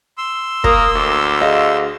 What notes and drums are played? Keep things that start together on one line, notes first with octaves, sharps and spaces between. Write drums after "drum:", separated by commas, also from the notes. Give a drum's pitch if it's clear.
C6 E6
A#3 A#4 D#6, drum: kick
D2 D6
G#4 D#5 F5